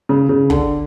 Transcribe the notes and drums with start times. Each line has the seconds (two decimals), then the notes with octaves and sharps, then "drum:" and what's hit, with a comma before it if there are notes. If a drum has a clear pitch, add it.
0.09 C#3
0.29 C#3
0.50 D3, drum: kick